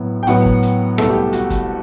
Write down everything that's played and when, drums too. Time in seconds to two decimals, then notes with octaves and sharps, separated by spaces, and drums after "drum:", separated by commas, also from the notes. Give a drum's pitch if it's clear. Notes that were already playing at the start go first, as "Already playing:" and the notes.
Already playing: A2 F#3 B3
0.23 G5
0.27 A2 F#3 B3 F#5, drum: hi-hat
0.45 drum: kick
0.63 drum: hi-hat
0.98 C2 B2 A3 A4, drum: rim click
1.10 G4
1.33 F#4, drum: hi-hat
1.50 drum: kick, hi-hat